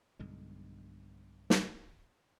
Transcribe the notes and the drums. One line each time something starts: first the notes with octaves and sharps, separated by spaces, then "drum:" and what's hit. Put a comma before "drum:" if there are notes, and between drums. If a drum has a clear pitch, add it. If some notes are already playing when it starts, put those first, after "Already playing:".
B1 G2 D3 G#3
drum: snare